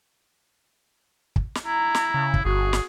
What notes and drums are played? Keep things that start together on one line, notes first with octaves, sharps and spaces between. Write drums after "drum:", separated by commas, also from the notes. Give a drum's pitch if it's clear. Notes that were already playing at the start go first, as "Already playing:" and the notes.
drum: kick
drum: snare
E4 A#5
drum: snare
C#3
drum: kick
G1 F#4 G#4
drum: snare